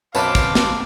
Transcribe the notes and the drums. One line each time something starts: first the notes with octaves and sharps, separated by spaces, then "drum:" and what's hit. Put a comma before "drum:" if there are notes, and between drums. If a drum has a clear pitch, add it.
B1 F#2 C4 B4 C#5 F5 A5 D6, drum: tambourine
drum: kick, tambourine
drum: snare